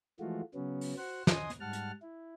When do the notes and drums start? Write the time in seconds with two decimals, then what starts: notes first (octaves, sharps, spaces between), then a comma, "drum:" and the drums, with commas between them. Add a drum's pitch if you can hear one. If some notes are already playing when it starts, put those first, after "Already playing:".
0.20 E3 F3 G#3 A3 F4 F#4
0.54 C#3 F#3 B3 C#4
0.81 drum: open hi-hat
0.98 F#4 C5 F#5
1.27 D#5 G#5 C6 D#6, drum: snare
1.50 drum: hi-hat
1.61 G#2 G3 F#5 A5 F6
1.73 drum: hi-hat
2.02 E4